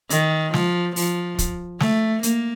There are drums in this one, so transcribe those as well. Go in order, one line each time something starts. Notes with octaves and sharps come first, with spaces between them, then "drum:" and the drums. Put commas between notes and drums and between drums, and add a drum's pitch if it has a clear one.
D#3, drum: hi-hat
F3, drum: snare
F3, drum: open hi-hat
drum: kick, hi-hat
A3, drum: snare
A#3, drum: hi-hat